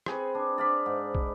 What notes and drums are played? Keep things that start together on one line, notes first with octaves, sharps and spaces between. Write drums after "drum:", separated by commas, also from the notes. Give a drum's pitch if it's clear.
C4 G#4 B4 C#6, drum: rim click
D4
D5 F5 B5
G#2
drum: kick